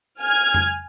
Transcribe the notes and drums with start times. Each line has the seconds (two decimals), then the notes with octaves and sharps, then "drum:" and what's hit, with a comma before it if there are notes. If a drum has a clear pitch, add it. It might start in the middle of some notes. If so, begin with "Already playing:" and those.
0.21 G#5 F6 G#6
0.54 drum: tom F2